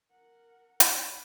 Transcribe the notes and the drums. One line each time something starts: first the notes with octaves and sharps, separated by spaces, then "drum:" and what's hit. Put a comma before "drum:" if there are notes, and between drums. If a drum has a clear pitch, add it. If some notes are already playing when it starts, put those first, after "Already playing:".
A#4 F#5
drum: hi-hat